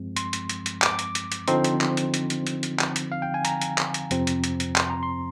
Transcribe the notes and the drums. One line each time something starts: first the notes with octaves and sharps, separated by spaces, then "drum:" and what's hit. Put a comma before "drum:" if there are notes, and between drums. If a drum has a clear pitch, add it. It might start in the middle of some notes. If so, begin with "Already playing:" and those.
Already playing: G2 F3 G#3 C4
C6, drum: hi-hat
drum: hi-hat
drum: hi-hat
drum: hi-hat
D6, drum: clap
drum: hi-hat
drum: hi-hat
drum: hi-hat
D3 F3 C4 D#4 C6, drum: hi-hat
drum: hi-hat
drum: clap
drum: hi-hat
drum: hi-hat
drum: hi-hat
drum: hi-hat
drum: hi-hat
drum: clap
drum: hi-hat
F5
G5
G#5
A#5, drum: hi-hat
drum: hi-hat
drum: clap
drum: hi-hat
F2 C3 F3 C4, drum: hi-hat
drum: hi-hat
drum: hi-hat
drum: hi-hat
C6, drum: clap
A#5
C6